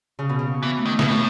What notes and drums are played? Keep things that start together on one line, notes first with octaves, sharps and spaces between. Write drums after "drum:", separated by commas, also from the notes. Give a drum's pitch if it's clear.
C#3
B2
C#3
E3 B3
A3
D#3
A3
B2, drum: snare
A2 B3